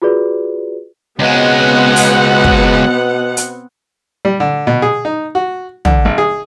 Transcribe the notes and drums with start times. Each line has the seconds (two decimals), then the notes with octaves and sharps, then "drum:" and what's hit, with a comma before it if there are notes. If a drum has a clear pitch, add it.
0.02 F4 F#4 G#4 B4 D5
1.19 C#2 B2 G#3 B3 C4 F#5
1.96 drum: open hi-hat
2.44 drum: kick
3.37 drum: hi-hat
4.25 G3
4.40 D3
4.67 B2
4.82 G#4
5.05 D#4
5.35 F#4
5.85 D3, drum: tom
6.05 G#1
6.18 G#4